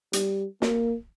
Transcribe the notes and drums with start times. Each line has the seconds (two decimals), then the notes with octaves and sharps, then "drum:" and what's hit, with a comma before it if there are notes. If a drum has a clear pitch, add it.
0.13 G3, drum: hi-hat
0.62 A#3, drum: snare